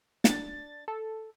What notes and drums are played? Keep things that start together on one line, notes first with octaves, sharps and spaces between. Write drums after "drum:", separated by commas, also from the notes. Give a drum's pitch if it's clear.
D4 A6, drum: snare
A4